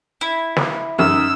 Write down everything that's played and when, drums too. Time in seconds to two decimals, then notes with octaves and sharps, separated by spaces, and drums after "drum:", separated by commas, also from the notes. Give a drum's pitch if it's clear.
0.21 E4
0.56 drum: snare
0.99 F#2 D#4 E6